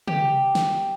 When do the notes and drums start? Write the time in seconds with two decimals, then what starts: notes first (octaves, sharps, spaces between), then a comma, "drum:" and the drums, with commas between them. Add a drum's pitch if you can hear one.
0.08 G4, drum: tom
0.55 drum: snare